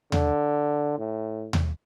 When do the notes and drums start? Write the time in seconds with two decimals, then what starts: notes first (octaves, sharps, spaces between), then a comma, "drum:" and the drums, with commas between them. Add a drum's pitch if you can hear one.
0.12 D3, drum: tom D#2
0.98 A2
1.53 drum: tom D#2